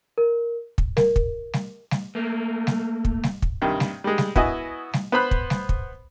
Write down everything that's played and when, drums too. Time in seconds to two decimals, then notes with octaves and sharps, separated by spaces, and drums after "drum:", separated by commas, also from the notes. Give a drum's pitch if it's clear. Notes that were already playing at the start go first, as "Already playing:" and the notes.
0.18 A#4
0.78 drum: kick
0.97 A#4, drum: snare G3
1.16 drum: kick
1.53 drum: snare G3
1.91 drum: snare G3
2.15 A3 A#3
2.67 drum: snare G3
3.05 drum: kick
3.23 drum: snare G3
3.42 drum: kick
3.62 G2 C3 D#3
3.80 drum: snare G3
4.04 G3 G#3
4.18 drum: snare G3
4.36 B3 E4 F#4 D#5 G#5, drum: kick
4.93 drum: snare G3
5.12 B3 C5 B5 F#6
5.31 drum: kick
5.50 drum: snare G3
5.69 drum: kick